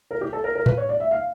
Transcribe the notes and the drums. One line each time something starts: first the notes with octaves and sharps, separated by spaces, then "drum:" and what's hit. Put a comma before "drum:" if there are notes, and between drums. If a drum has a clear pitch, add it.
A#4
G4
A4
A#4
A#4
B4, drum: tom A2
C#5
D5
E5
F5